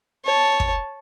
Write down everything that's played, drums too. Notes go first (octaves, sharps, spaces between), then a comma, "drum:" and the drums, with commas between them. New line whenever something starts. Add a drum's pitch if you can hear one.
C#5 A5
drum: kick